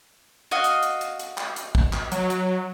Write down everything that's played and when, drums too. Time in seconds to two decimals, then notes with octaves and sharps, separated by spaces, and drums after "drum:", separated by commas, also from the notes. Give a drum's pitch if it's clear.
0.51 F#4 D#5 F5
0.64 drum: hi-hat
0.83 drum: hi-hat
1.01 drum: hi-hat
1.19 drum: hi-hat
1.38 drum: clap
1.56 drum: hi-hat
1.75 drum: kick
1.93 drum: clap
2.12 F#3, drum: hi-hat
2.30 drum: hi-hat